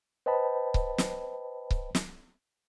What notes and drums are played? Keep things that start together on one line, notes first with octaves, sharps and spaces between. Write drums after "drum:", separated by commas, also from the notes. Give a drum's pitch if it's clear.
B4 C5 D#5 G5 A5 B5
drum: kick C#1
drum: snare
drum: kick C#1
drum: snare